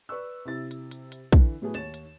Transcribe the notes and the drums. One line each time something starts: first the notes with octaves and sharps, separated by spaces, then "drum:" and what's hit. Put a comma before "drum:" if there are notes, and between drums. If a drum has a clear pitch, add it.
B4 D5 C#6 E6
C3 E4 A6
drum: hi-hat
drum: hi-hat
drum: hi-hat
D3 E3, drum: kick, hi-hat
A2 F#3 A3 B3 G#4
D#2 C#5 A6 E7, drum: hi-hat
drum: hi-hat